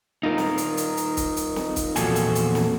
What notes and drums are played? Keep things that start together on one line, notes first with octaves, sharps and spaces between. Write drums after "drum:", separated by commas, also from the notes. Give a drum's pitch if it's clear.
D#4 F4 A#4
drum: snare
drum: hi-hat
drum: hi-hat
drum: hi-hat
drum: kick, hi-hat
drum: hi-hat
drum: snare
drum: kick, hi-hat
E2 A#2 F3 F#4 A4 G#5, drum: hi-hat
drum: hi-hat
drum: hi-hat
drum: snare